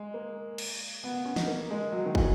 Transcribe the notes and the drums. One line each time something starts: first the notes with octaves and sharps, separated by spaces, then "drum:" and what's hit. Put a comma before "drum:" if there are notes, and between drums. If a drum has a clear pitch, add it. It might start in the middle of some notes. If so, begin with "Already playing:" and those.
Already playing: G#3
A#3
drum: cymbal
B3
B3
C#4
D#4, drum: snare
A#3
G#3
F#3
D#3
E3, drum: kick